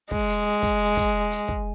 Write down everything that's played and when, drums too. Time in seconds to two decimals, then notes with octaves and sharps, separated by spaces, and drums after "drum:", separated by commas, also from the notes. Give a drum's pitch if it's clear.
0.11 G#3, drum: kick
0.28 drum: hi-hat
0.62 drum: kick, hi-hat
0.97 drum: kick, hi-hat
1.31 drum: hi-hat
1.48 drum: kick